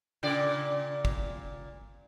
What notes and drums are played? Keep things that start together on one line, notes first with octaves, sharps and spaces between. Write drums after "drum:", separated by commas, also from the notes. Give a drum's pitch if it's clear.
A#2 C#3 D5
drum: kick G#1